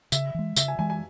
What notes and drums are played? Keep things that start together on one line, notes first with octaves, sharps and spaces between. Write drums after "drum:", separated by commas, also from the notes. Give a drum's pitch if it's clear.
C#3 E5, drum: tambourine
E3 G#3
C#3 E5, drum: tambourine
G#5
E3 G#3 G#5
G#5